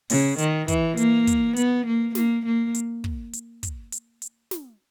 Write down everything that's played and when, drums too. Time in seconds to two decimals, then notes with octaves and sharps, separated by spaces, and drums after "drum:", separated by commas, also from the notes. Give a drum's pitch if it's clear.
0.10 C#3, drum: open hi-hat
0.38 D#3, drum: hi-hat
0.68 E3, drum: kick, hi-hat
0.97 A#3, drum: hi-hat
1.27 drum: kick, hi-hat
1.56 B3, drum: hi-hat
1.86 A#3
2.15 A#3, drum: snare
2.46 A#3
2.74 drum: hi-hat
3.04 drum: kick
3.33 drum: hi-hat
3.63 drum: kick, hi-hat
3.92 drum: hi-hat
4.22 drum: hi-hat
4.51 drum: snare